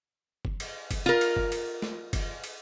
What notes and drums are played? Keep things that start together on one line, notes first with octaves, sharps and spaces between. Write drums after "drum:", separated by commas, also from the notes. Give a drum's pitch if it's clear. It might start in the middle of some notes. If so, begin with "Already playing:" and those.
drum: kick F#1
drum: cymbal
drum: kick F#1, cymbal
F4 A#4
drum: cymbal
drum: kick F#1
drum: cymbal
drum: snare
drum: kick F#1, cymbal
drum: cymbal